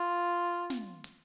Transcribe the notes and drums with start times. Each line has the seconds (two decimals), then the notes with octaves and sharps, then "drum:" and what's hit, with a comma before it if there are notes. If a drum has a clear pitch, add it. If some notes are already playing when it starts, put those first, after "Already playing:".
Already playing: F4
0.70 drum: snare
1.04 drum: hi-hat